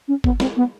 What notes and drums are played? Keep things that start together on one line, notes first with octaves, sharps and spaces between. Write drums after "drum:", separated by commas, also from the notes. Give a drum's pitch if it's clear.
C#4
B3, drum: kick
C4, drum: snare
B3